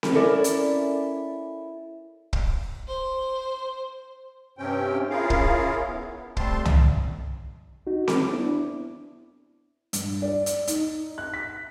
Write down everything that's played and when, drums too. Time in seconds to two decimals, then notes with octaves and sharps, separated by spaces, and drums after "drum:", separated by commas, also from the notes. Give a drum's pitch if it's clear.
0.03 drum: snare C4
0.13 C#4 E4 A4 A#4 D5
0.44 drum: hi-hat
2.33 drum: kick
2.88 C5
4.58 G2 C3 C4 C#4 G5
5.10 C#4 E4 F4 G#4 A#4 F5
5.30 drum: kick
5.87 B3
6.37 G3 A3 C4 A5 C6, drum: kick
6.65 drum: tom
7.87 D#4 F#4
8.08 D6, drum: snare C4
8.31 B3 D4 E4
9.93 G2, drum: hi-hat
10.22 D5
10.46 drum: hi-hat
10.67 D#4, drum: hi-hat
11.18 F#6
11.34 B6